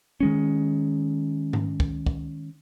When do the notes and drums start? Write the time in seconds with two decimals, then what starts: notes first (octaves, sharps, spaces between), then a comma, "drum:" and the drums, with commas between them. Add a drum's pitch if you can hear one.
0.20 D#3 G#3 C#4
1.53 drum: tom G#2
1.80 drum: kick
2.06 drum: kick